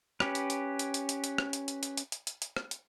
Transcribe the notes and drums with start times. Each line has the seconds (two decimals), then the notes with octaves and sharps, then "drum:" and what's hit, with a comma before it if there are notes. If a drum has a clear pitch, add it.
0.20 C#4 G4 B4, drum: rim click
0.35 drum: hi-hat
0.50 drum: hi-hat
0.79 drum: hi-hat
0.94 drum: hi-hat
1.09 drum: hi-hat
1.24 drum: hi-hat
1.38 drum: rim click
1.53 drum: hi-hat
1.68 drum: hi-hat
1.83 drum: hi-hat
1.97 drum: hi-hat
2.12 drum: hi-hat
2.27 drum: hi-hat
2.42 drum: hi-hat
2.56 drum: rim click
2.71 drum: hi-hat